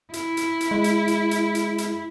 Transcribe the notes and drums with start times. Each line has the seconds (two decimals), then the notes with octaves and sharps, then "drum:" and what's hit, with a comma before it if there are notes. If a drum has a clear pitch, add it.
0.13 E4, drum: hi-hat
0.37 drum: hi-hat
0.61 drum: hi-hat
0.71 G#3
0.84 drum: hi-hat
1.08 drum: hi-hat
1.31 drum: hi-hat
1.55 drum: hi-hat
1.78 drum: hi-hat